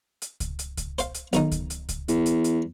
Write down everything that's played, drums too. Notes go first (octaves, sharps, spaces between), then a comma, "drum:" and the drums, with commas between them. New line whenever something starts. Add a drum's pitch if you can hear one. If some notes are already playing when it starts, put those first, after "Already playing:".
drum: hi-hat
drum: kick C#2, hi-hat
drum: hi-hat
drum: kick C#2, hi-hat
C5 F5, drum: hi-hat
drum: hi-hat
B1 D#3 D#4, drum: hi-hat
drum: kick C#2, hi-hat
drum: hi-hat
drum: kick C#2, hi-hat
E2, drum: hi-hat
drum: hi-hat
drum: hi-hat